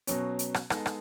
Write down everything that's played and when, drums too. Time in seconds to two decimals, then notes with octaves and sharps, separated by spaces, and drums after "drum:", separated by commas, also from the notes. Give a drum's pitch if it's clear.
0.07 B2 F#3 C#4, drum: hi-hat
0.39 drum: hi-hat
0.54 drum: rim click
0.70 G#3 B3 D#4 A4 D#5, drum: rim click
0.86 drum: rim click